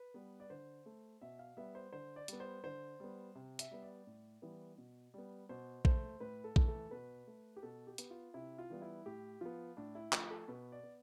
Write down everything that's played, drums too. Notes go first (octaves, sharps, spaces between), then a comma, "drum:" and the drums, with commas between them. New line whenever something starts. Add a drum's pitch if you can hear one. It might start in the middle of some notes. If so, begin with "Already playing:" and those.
Already playing: B4
G3 B3
D5
D3 C5
A3
B2 E5
F5
G3 B3 E5
C5
D3 C5
D5
G3 B3, drum: hi-hat
C5
D3 C5
G3 B3
C3
E5, drum: hi-hat
G3 B3
D5
A2
E3 G3 B3
B2
G3 B3
B2 C5
A3 C5, drum: kick A#1
A2 B4
A4
E3 A3, drum: kick A#1
A4
B2 B4
A3
G4
B2 A4
G4
B3, drum: hi-hat
F4
C3 E4
F4
E3 G3 B3
E4
A2 G4
F3 B3 F4
A2 D4
E4
F3 A3 F4, drum: clap
A4
B2 B4
D5
B3